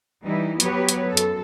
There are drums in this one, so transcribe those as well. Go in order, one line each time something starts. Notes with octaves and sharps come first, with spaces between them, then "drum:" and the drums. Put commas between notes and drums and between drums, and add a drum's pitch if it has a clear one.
E3 G3 D#4 E4
F#3 B3 F#4 G4 B4 C#5, drum: hi-hat
drum: hi-hat
F#2 A4
drum: hi-hat